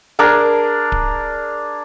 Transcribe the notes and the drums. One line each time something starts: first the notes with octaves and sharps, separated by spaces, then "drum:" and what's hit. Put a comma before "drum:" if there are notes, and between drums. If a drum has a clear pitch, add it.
D4 G#4 A#4
drum: kick D1